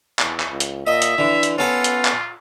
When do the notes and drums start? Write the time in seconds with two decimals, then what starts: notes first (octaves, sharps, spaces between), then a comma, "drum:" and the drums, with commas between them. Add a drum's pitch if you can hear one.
0.19 E2, drum: clap
0.40 drum: clap
0.50 C#2
0.60 drum: hi-hat
0.87 A#2 D#5 E5
1.02 drum: hi-hat
1.18 D3 E3
1.43 drum: hi-hat
1.59 B3 C#4 F4 A4 F#5
1.84 drum: hi-hat
2.05 drum: clap